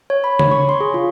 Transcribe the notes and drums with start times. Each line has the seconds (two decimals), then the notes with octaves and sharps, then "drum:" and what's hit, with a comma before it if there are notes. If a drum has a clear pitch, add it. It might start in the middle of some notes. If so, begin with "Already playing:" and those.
0.10 C#5
0.24 B5
0.39 C#5, drum: tom C#3
0.51 C#6
0.69 C6
0.80 G#4
0.94 F4